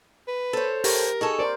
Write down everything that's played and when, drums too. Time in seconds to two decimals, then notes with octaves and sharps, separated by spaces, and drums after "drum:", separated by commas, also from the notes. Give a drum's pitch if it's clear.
0.28 B4
0.53 A4 C5 C#5
0.84 G4 A#4, drum: open hi-hat
1.21 D#4 G#4 A4 C#6
1.39 A#4 C5 D5